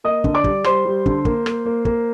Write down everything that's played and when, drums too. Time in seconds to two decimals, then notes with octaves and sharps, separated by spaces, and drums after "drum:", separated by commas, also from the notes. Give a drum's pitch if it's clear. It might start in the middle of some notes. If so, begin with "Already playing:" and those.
0.04 A#3 D#5 D#6
0.24 D3, drum: kick
0.34 D5 D6
0.44 G3, drum: kick
0.64 G3 C5 C6, drum: rim click
0.85 G3
1.06 D3, drum: kick
1.25 A#3, drum: kick
1.46 A#3, drum: rim click
1.65 A#3
1.85 A#3, drum: kick